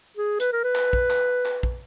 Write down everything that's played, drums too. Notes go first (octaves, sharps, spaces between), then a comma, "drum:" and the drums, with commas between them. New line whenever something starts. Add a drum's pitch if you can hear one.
G#4
B4, drum: hi-hat
A#4
B4
drum: clap
drum: kick
drum: clap
drum: clap
drum: kick